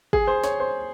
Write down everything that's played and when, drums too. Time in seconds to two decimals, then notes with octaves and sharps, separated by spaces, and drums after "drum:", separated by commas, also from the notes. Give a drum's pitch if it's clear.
0.13 G#4, drum: kick
0.27 C5
0.44 C#5, drum: snare
0.60 C5